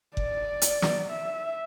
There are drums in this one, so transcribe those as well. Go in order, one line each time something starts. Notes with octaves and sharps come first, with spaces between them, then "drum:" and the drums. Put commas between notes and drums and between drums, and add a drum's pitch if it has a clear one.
D5, drum: kick F#1
drum: hi-hat
drum: snare
E5